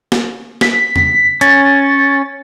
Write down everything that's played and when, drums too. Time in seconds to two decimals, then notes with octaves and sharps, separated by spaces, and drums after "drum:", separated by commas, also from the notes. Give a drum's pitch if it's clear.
0.12 drum: snare
0.61 B6, drum: snare
0.96 drum: tom
1.41 C#4 A6, drum: hi-hat